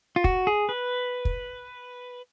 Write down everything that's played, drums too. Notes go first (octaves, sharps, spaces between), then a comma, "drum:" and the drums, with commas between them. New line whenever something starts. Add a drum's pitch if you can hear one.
F4
F#4, drum: kick
G#4
B4
drum: kick